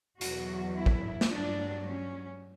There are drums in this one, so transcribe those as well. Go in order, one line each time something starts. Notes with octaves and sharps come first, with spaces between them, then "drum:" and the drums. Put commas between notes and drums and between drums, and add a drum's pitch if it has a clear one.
E2 B2 F#3 F#4, drum: hi-hat
E4
drum: kick
drum: snare
G2 F#3 D4
C#4